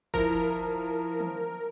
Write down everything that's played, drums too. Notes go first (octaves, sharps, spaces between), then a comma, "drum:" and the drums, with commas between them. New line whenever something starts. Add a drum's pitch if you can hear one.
F3 E4 A#4, drum: kick F#1
drum: tom